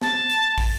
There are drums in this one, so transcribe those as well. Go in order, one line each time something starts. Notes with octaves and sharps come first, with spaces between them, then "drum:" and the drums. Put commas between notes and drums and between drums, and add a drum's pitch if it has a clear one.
A5, drum: snare
drum: hi-hat
drum: kick, open hi-hat